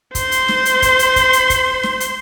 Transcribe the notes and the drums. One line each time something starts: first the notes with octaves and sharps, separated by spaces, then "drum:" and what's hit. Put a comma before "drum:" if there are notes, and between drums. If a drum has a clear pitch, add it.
C5 C6, drum: kick, hi-hat
drum: hi-hat
drum: snare
drum: hi-hat
drum: kick, hi-hat
drum: hi-hat
drum: kick, hi-hat
drum: hi-hat
drum: kick, hi-hat
drum: snare
drum: hi-hat